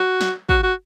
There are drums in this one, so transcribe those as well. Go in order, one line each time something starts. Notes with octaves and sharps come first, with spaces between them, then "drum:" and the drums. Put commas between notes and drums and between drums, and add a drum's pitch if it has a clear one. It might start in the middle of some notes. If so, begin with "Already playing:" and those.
Already playing: F#4
drum: snare
F#4, drum: kick
F#4